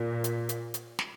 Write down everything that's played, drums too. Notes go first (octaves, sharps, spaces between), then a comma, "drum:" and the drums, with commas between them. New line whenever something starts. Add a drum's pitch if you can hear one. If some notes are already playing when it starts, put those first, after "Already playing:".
Already playing: A#2
drum: hi-hat
drum: hi-hat
drum: hi-hat
drum: snare